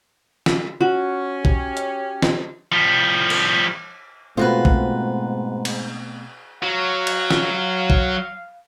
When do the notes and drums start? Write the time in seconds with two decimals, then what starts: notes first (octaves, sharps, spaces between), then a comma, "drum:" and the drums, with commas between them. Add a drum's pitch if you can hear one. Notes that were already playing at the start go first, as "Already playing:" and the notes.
0.46 drum: snare
0.81 C#4 F#4
1.45 G4, drum: kick
1.77 drum: hi-hat
2.22 drum: snare
2.72 F3 G3
3.30 drum: cymbal
4.37 G#2 B2 A3 C4 F4 F#4 B4
4.65 drum: kick
5.65 drum: cymbal
6.62 F#3 F5
7.07 drum: cymbal
7.31 drum: snare
7.90 drum: kick